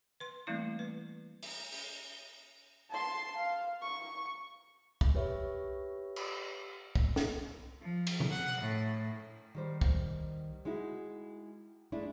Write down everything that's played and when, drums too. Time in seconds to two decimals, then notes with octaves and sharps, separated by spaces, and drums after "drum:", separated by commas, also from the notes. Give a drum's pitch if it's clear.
0.20 B4 C6
0.47 E3 G3 A3 A#3 C4 E4
0.79 B4
1.43 drum: open hi-hat
1.72 drum: open hi-hat
2.90 A5 C6
3.37 F5
3.82 C#6
5.01 drum: kick C2
5.15 G4 B4 C#5 E5
6.16 drum: cymbal
6.95 drum: kick C2
7.16 drum: snare
7.82 F3
8.07 drum: cymbal
8.20 drum: tom B2
8.31 F#5
8.61 A2
9.55 D#3 G3 C5
9.81 drum: kick C2
10.65 G#3 D#4 E4 F#4
11.92 G#3 A3 D4 E4